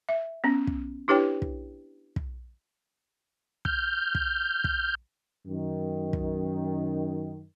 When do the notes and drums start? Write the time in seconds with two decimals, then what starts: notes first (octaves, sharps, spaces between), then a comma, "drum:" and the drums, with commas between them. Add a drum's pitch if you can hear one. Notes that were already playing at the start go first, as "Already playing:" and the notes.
0.09 E5
0.44 B3 C#4
0.67 drum: kick
1.08 D4 E4 G4 B4 C#5 G5
1.42 drum: kick
2.16 drum: kick
3.65 F6 G6, drum: kick
4.15 drum: kick
4.64 drum: kick
5.46 F#2 D#3
6.13 drum: kick